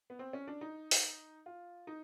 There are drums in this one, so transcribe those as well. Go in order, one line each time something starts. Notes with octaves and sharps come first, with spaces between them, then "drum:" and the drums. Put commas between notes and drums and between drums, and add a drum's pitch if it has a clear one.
B3
C4
C#4
D4
D#4
drum: open hi-hat
F4
D#4